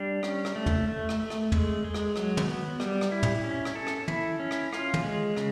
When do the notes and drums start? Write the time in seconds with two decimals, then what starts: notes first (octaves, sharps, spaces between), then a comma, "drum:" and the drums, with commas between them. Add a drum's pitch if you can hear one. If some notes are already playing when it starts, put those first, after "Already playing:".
Already playing: G3 D4
0.23 C#4, drum: rim click
0.45 drum: rim click
0.56 A3
0.66 drum: tom
0.88 A3
1.09 drum: rim click
1.20 A3
1.30 drum: rim click
1.52 G#3, drum: tom
1.84 G#3
1.94 drum: rim click
2.16 F#3, drum: rim click
2.37 drum: tom
2.48 B3
2.80 G3, drum: rim click
3.01 drum: rim click
3.12 E4
3.23 drum: tom
3.44 C#4
3.65 drum: rim click
3.75 A4
3.87 drum: rim click
4.08 E4, drum: tom
4.40 C#4
4.51 drum: rim click
4.73 F4, drum: rim click
4.94 drum: tom
5.04 G#3
5.36 C#3, drum: rim click